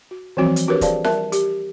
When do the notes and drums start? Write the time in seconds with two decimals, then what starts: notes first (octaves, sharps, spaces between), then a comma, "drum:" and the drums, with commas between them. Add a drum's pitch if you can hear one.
0.11 F#4
0.37 E3 F3 G3 C4 F#4 C#5
0.56 drum: hi-hat
0.68 D4 F#4 G4 A#4 B4 C#5
0.81 G#4 C5 D5 F5 A5, drum: kick, hi-hat
1.04 G3 A#4 E5 A5, drum: snare F4
1.32 G4, drum: hi-hat